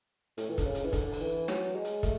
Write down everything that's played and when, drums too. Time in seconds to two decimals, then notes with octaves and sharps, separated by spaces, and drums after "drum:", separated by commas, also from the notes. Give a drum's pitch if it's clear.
0.38 A2, drum: hi-hat
0.50 E3
0.58 D3, drum: kick, hi-hat
0.65 C#3
0.75 drum: hi-hat
0.85 E3
0.93 D3, drum: kick, hi-hat
1.11 drum: open hi-hat
1.21 E3
1.48 F#3, drum: snare
1.75 G#3
1.85 drum: hi-hat
2.03 A3, drum: kick, hi-hat